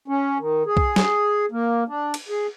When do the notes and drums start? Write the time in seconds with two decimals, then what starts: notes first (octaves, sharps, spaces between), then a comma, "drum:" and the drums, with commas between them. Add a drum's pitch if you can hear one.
0.08 C#4
0.39 D#3
0.66 G#4
0.77 drum: kick B1
0.96 drum: snare
1.51 A#3
1.88 D4
2.14 drum: cymbal
2.29 G#4